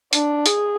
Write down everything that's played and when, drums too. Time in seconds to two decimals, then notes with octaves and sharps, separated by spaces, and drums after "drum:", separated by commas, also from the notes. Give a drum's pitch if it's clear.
0.13 D4, drum: hi-hat
0.46 G#4, drum: hi-hat